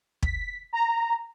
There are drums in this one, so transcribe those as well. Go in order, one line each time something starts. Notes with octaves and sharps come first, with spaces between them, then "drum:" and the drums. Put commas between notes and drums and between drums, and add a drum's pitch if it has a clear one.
B6, drum: kick
A#5